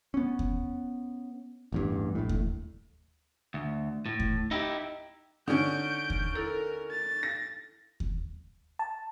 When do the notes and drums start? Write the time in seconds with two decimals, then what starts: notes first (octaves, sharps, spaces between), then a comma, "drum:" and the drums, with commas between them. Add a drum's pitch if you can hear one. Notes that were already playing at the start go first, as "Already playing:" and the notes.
0.14 B3 C#4
0.39 drum: kick D#2
1.72 A1 E2 G2
2.15 A#1 A2
2.29 drum: kick D#2
3.54 D2
4.06 A2
4.20 drum: kick D#2
4.51 D#4 E4 G4
5.48 D3 C#4 D#4 G6 D7
6.10 drum: kick D#2
6.36 E4 A4 A#4
6.91 A6
7.23 A#6
8.00 drum: kick D#2
8.79 A5